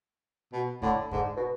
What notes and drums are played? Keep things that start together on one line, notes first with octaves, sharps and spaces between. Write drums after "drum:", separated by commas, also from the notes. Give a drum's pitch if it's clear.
B2
A2 D3, drum: kick
G#2 D3, drum: kick
B2